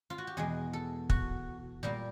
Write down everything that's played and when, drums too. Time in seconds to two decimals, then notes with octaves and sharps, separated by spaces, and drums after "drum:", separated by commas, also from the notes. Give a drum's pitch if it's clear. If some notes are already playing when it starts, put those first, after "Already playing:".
0.10 F4
0.18 F#4
0.27 G4
0.37 E2 B2 G#3 G#4
0.73 A4
1.10 F#4, drum: kick
1.83 A#2 G3 A#3 G4